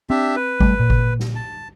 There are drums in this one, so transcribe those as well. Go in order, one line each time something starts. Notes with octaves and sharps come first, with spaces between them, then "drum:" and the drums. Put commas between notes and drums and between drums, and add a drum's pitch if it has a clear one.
C4 D4 G4 E5
B4
G3 A3, drum: kick G#1
A#2
drum: kick G#1
drum: snare
A5